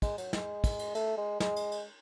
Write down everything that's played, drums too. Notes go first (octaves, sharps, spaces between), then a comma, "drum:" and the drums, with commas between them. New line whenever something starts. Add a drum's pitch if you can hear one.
G#3, drum: kick, cymbal
F#3, drum: cymbal
G#3, drum: snare
drum: kick, cymbal
drum: cymbal
A3, drum: cymbal
G#3
G#3, drum: snare
drum: cymbal
drum: cymbal